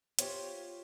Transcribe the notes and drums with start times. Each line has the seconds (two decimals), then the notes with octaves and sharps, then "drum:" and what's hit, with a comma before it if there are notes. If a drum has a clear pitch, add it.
0.19 F4 G4 C5 C#5, drum: hi-hat